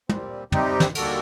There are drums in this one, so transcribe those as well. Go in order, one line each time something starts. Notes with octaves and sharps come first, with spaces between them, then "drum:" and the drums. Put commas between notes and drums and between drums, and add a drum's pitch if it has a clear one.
A#2 G3 C4, drum: tom
C3 G3 C4 D#4 G4, drum: tom
drum: snare
D#2 D3 G3 A#3 F#4 A4, drum: cymbal